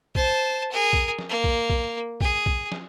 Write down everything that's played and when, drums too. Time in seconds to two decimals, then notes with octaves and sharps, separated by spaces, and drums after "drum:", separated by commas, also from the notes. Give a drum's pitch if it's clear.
0.15 C5 A5, drum: kick B1
0.71 G#4 A#4
0.93 drum: kick B1
1.19 drum: snare
1.29 A#3
1.44 drum: kick B1
1.70 drum: kick B1
2.21 G#4, drum: kick B1
2.46 drum: kick B1
2.72 drum: snare